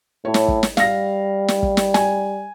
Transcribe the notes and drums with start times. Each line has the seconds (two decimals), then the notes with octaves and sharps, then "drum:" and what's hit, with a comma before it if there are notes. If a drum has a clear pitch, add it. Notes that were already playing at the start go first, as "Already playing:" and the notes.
0.25 A2 C#5
0.34 drum: snare
0.48 drum: kick
0.63 drum: snare
0.77 G3 F5 A#6, drum: snare
1.48 drum: snare
1.63 drum: kick
1.77 drum: snare
1.94 G#5, drum: snare